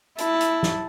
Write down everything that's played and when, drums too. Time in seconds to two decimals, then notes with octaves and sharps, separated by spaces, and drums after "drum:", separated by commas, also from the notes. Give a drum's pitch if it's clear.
0.18 E4 A5, drum: hi-hat
0.41 drum: hi-hat
0.63 drum: snare